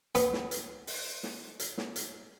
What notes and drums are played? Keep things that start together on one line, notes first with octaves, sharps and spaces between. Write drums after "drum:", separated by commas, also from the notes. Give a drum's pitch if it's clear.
B3, drum: hi-hat
drum: snare
drum: hi-hat
drum: open hi-hat
drum: snare
drum: hi-hat
drum: snare
drum: hi-hat